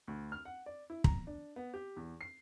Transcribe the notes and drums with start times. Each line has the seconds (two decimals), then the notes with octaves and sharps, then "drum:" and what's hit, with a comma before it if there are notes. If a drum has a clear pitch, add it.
0.08 D2
0.32 F6
0.45 F#5
0.66 D5
0.90 E4
1.04 A#5, drum: kick
1.27 D4
1.56 B3
1.74 G4
1.96 E2
2.21 C7